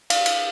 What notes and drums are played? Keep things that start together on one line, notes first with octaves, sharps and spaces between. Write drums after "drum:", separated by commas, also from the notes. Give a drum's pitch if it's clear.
F5, drum: cymbal
drum: cymbal